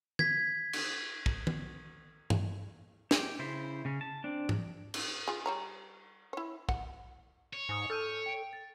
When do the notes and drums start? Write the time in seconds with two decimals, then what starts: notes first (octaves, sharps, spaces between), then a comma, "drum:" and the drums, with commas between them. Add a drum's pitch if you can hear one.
0.19 G#6 B6, drum: tom D#3
0.73 drum: cymbal
1.26 drum: kick
1.47 drum: tom D#3
2.30 drum: tom G2
3.11 G4, drum: snare
3.39 C#3 E4 C5
3.85 C#3 C#4
4.01 A5
4.24 C4 D4
4.49 drum: tom G#2
4.94 drum: cymbal
5.28 F4 G#4
5.46 G3 C#5 A#5
6.33 E4 C#5
6.69 F#5, drum: kick
7.53 C#5
7.69 G#2 G#5 D#6
7.90 A4 F6 G6 D#7
8.26 G5 D7
8.53 A6